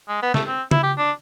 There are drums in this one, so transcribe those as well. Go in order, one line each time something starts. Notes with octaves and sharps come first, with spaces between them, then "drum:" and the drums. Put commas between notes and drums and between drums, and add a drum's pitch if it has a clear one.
G#3
B3
A3, drum: snare
C4
E4, drum: tom C#3
G4
D4